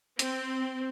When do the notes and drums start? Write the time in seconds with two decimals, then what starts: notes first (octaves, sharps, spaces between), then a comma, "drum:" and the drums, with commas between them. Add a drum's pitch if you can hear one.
0.19 C4, drum: hi-hat